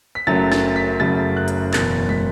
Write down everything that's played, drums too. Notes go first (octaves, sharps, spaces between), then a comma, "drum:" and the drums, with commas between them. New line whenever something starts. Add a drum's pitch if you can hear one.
B6
F#1 F#2 C#3 F#3 A3 A6
A6, drum: snare
B6
F#1 F#2 C#3 F#3 A3 A6
F#6
drum: hi-hat
F#1 E2 B2 A6, drum: clap
B6, drum: tom